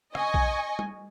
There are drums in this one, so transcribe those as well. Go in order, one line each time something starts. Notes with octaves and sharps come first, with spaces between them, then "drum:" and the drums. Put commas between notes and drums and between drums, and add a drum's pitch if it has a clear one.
D#5 G#5 C#6, drum: rim click
drum: kick A#1
drum: tom G3